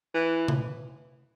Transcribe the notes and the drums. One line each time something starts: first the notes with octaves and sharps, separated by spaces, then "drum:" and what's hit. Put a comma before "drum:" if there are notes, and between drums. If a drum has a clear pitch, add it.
E3
drum: tom C3